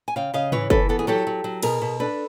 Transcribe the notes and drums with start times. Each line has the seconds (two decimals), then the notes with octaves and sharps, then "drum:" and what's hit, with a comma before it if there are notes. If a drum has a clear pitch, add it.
0.08 G#5
0.16 C#3 F5 G5
0.34 C#3 D#5 F5
0.52 E3 B4 C#5, drum: tom G#2
0.70 E3 A4 B4, drum: kick
0.89 B3 A4
0.99 G#4
1.07 F#3 G4 A4
1.27 F#3
1.44 F#3
1.63 B2 G#4 A#4, drum: cymbal
1.82 B2
2.00 D4 A4 B4